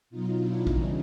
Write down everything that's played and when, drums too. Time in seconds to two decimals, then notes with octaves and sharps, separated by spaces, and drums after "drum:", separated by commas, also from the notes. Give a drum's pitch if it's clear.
0.10 B2 F#3 D#4 F4
0.38 D4 E4
0.67 C#3 E3 G3 C#4 D#4, drum: kick